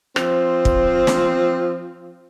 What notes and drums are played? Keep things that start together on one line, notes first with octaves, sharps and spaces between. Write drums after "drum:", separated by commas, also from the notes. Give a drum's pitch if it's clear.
F3 C4, drum: rim click
drum: kick
drum: snare